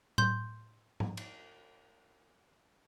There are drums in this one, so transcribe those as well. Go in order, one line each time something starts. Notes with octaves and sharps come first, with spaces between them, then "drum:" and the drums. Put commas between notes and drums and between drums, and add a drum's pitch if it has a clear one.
C6 G6, drum: tom A2
drum: tom G#2
drum: cymbal